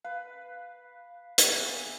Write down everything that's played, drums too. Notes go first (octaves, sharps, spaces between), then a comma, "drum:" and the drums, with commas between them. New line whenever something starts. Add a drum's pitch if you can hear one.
B4 F5
E3 B3, drum: hi-hat